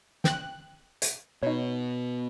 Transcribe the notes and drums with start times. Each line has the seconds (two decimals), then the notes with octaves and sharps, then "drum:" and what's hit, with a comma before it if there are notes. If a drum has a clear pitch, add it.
0.24 G5 F#6, drum: snare
1.02 drum: hi-hat
1.43 B2 D#4 C#5